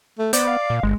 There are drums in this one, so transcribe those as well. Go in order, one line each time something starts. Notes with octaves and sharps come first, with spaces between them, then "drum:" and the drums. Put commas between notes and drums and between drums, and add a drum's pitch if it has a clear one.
A3
B3 C5 D5, drum: hi-hat
F5
A#2
G1 G#3